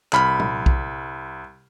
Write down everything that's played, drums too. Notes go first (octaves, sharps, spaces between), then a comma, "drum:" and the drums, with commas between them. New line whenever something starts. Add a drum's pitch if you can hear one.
C2 B5 F6, drum: clap
drum: tom
drum: kick B1